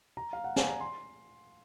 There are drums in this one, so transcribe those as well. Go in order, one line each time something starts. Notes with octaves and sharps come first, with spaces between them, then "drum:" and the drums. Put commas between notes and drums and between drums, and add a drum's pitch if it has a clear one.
A#5
F5
F#5
G#5, drum: snare
A#5
C6